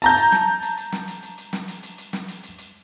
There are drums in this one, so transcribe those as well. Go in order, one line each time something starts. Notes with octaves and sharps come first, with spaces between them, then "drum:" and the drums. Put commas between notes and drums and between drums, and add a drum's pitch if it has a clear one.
A5 A#5 G6, drum: hi-hat
drum: hi-hat
drum: snare
drum: hi-hat
drum: hi-hat
drum: snare
drum: hi-hat
drum: hi-hat
drum: hi-hat
drum: snare
drum: hi-hat
drum: hi-hat
drum: hi-hat
drum: snare
drum: hi-hat
drum: hi-hat
drum: hi-hat